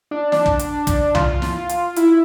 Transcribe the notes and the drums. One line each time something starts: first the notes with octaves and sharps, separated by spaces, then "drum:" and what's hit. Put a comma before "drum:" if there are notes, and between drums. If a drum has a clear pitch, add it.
D4
D4, drum: snare
drum: kick
drum: hi-hat
drum: kick, hi-hat
F4, drum: tom C2
drum: snare
drum: hi-hat
E4, drum: hi-hat